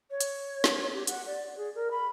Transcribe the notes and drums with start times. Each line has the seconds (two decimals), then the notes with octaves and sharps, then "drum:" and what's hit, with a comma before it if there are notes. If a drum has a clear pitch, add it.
0.11 C#5
0.21 drum: hi-hat
0.64 drum: snare
0.94 G4
1.07 F#5, drum: hi-hat
1.26 D5
1.57 G#4
1.75 A#4
1.91 B5